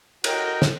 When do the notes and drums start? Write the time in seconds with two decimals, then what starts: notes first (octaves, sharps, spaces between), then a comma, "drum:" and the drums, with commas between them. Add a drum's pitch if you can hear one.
0.24 F#4 A#4 D#5 G5, drum: cymbal
0.62 drum: snare